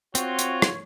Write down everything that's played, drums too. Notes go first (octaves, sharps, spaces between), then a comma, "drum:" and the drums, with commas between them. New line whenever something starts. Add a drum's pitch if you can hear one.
C4 F4 F#4 C#5, drum: hi-hat
drum: hi-hat
drum: rim click